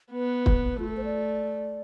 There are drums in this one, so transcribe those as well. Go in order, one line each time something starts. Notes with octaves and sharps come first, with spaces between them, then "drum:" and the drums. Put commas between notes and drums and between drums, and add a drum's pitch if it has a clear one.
B3 B4
drum: kick
A3 F4
A4
C5
D5